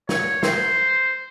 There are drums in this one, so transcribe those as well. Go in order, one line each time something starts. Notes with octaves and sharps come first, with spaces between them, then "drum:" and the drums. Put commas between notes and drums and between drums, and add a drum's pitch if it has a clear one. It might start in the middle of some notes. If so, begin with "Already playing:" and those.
C#5, drum: snare
C5, drum: snare